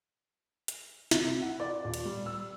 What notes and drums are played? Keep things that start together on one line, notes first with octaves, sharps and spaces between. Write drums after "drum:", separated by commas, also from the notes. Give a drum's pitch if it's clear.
drum: hi-hat
C3, drum: snare
E4
F#5
D5
D#1
drum: cymbal
G3
E6